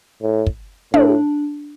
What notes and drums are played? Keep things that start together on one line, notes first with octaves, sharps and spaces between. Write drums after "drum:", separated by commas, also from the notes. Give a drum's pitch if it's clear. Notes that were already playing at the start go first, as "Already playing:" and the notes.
A2
drum: kick
A2 D4, drum: tom